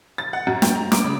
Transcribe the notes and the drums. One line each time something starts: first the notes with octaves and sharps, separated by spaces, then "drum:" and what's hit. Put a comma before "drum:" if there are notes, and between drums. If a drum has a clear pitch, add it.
A6
F#5
F#2
G5, drum: snare
A#5
D6, drum: snare
C#3